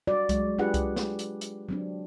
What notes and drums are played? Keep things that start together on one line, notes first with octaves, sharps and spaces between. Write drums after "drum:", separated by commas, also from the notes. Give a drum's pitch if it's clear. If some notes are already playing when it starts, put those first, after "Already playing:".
G3 F#4 D5
F#3 G#3, drum: kick C2, hi-hat
D4 F4 G4 G#4 B4 F#5
drum: kick C2, hi-hat
drum: snare
drum: hi-hat
drum: hi-hat
F#3 C4 D4